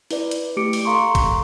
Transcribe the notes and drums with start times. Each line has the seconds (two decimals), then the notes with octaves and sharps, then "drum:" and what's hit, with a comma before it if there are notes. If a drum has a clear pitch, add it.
0.11 E4 B4 D5, drum: open hi-hat
0.31 drum: hi-hat
0.57 A3 G4 D6 C#7 D7
0.73 drum: open hi-hat
0.85 A4 F5 A#5 C6 C#6
1.15 drum: kick, hi-hat